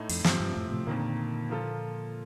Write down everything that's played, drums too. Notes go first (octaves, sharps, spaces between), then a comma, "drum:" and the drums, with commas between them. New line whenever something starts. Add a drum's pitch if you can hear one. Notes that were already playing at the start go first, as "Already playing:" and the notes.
Already playing: A2 A3 D#4
F2, drum: open hi-hat
G2 C3 F3 C4, drum: snare
G2
F2 A2
A2 C3
F2 A#2 D3 D#3 A#3
F3 A#3 F4 A4